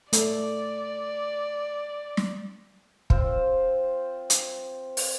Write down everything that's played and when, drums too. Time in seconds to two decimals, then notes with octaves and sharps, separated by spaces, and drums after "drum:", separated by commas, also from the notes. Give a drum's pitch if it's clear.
0.13 A3 D5, drum: hi-hat
2.17 drum: snare
3.10 C4 F4 C5, drum: kick
4.30 drum: hi-hat
4.97 drum: open hi-hat